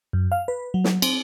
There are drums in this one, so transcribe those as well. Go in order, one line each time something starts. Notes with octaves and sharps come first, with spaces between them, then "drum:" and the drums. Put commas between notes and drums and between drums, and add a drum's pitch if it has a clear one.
F#2
F5
B4
F#3
drum: snare
C4, drum: cymbal